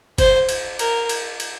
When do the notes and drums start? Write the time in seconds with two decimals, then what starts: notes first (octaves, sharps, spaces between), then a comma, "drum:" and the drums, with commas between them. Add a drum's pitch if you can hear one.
0.18 C5, drum: kick F#1, cymbal
0.49 drum: cymbal
0.79 A#4, drum: cymbal
1.09 drum: cymbal
1.40 drum: cymbal